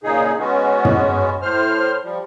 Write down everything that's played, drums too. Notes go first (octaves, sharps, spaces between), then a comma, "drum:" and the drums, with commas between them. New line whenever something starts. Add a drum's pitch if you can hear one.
A#2 C#3 D#4 G#4
G#3 B3 C#4 F#4
drum: tom
A2 C5 F6
F3 G3